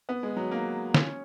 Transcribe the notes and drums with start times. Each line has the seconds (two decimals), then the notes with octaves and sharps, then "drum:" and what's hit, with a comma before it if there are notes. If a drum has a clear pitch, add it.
0.09 B3
0.23 G#3
0.37 F#3
0.51 A#3
0.94 C#4, drum: snare